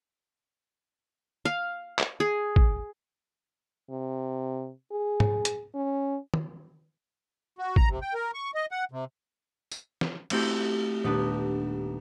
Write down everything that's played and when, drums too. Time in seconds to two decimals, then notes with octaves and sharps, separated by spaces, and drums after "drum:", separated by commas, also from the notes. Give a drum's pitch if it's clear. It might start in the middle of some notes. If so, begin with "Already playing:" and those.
1.45 F5
1.99 drum: clap
2.20 G#4
2.56 drum: kick
3.90 C3
4.92 G#4
5.20 drum: tom G#2
5.45 drum: hi-hat
5.74 C#4
6.34 drum: tom
7.59 F#4
7.76 A#5, drum: kick
7.89 C3
8.02 G5
8.14 A#4
8.34 C#6
8.55 D#5
8.71 F#5
8.91 C3
9.71 drum: tambourine
10.01 drum: snare
10.30 A3 A#3 C4 E4 F#4 G4, drum: cymbal
11.04 D#1 B3 D4 B4